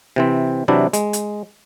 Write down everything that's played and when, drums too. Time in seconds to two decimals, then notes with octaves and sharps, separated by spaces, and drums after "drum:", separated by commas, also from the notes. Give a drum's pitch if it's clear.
0.16 C3 E3 C4
0.68 C3 E3 F#3 D4 E4
0.93 G#3, drum: hi-hat
1.13 drum: hi-hat